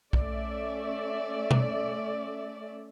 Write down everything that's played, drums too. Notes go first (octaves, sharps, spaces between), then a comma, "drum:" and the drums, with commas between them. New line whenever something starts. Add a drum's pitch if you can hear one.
A3 C#4 D5 E5, drum: kick
drum: tom B2